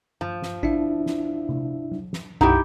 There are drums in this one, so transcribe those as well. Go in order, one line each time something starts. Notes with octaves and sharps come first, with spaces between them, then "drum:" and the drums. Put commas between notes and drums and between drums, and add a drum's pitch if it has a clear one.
F3, drum: tom G2
drum: snare
D4 E4 E5, drum: kick A1
drum: snare
drum: tom C3
drum: tom F#3
drum: snare
B1 F#2 D#4 E4 G4 F#5